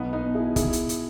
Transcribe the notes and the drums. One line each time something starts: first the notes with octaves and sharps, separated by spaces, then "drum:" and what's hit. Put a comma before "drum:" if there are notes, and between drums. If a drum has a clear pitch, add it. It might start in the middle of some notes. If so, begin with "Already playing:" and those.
Already playing: B1 B3 D#4
B3 D#4
B2
E4 G#4
B2 E4 G#4, drum: kick, hi-hat
drum: hi-hat
drum: hi-hat